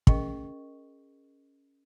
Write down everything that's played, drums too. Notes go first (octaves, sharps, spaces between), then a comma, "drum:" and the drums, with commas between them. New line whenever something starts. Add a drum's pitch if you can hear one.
C#4 G#4 A#4 D#5 C#6, drum: kick